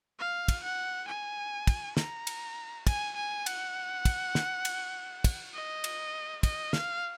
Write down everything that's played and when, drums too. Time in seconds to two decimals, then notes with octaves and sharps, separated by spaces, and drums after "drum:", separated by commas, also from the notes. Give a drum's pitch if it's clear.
0.19 F5
0.48 drum: kick, cymbal
0.63 F#5
1.08 G#5
1.67 drum: kick, cymbal
1.97 A#5, drum: snare
2.27 drum: cymbal
2.87 G#5, drum: kick, cymbal
3.16 G#5
3.46 F#5, drum: cymbal
4.05 drum: kick, cymbal
4.35 drum: snare
4.65 drum: cymbal
5.24 drum: kick, cymbal
5.54 D#5
5.84 drum: cymbal
6.43 D#5, drum: kick, cymbal
6.73 F5, drum: snare